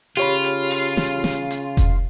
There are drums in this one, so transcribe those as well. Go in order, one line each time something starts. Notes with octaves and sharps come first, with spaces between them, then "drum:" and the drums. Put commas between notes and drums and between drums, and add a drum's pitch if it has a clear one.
C#3 F4 G4 C#5 B5, drum: hi-hat
drum: hi-hat
drum: open hi-hat
drum: snare
drum: snare
drum: hi-hat
drum: kick F1, hi-hat